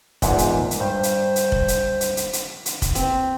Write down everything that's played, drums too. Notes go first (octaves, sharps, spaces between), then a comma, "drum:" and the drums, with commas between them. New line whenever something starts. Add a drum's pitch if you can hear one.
A#1 E2 G#2, drum: kick, hi-hat
drum: hi-hat
drum: hi-hat
G2 C5
drum: hi-hat
drum: hi-hat
drum: kick
drum: hi-hat
drum: hi-hat
drum: hi-hat
drum: hi-hat
drum: hi-hat
drum: kick, hi-hat
C4, drum: hi-hat